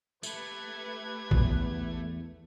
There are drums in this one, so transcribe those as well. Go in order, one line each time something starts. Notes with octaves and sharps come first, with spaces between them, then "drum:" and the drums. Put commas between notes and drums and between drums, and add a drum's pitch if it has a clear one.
A3 G4 B4 G#6, drum: tambourine
E2, drum: kick A1